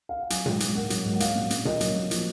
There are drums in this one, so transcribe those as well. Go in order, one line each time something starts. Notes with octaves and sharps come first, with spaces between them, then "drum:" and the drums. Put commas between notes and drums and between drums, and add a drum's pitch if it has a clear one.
F5
F#5
F#3 G#5, drum: hi-hat
G#2, drum: tom A#2
G#2, drum: hi-hat
A#3 F#5
F#3, drum: hi-hat
G#2
F#5
F#3 F5, drum: hi-hat
A#2
A#2, drum: hi-hat
A#3 D#5, drum: tom A#2
F#3, drum: hi-hat
A#2
F3, drum: hi-hat